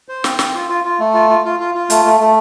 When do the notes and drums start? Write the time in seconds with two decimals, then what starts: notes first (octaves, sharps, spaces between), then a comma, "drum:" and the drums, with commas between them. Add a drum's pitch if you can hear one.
0.09 C5
0.24 C4, drum: snare
0.39 C4, drum: snare
0.54 F4
0.69 F4
0.84 F4
0.99 A3
1.14 F4
1.29 F4
1.45 F4
1.60 F4
1.75 F4
1.90 A3, drum: hi-hat
2.05 A3
2.20 A3